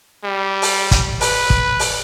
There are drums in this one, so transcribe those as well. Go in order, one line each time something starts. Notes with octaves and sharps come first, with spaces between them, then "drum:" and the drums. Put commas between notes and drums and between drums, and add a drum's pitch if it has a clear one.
G3
drum: open hi-hat
drum: kick, hi-hat
B4, drum: open hi-hat
drum: kick
drum: open hi-hat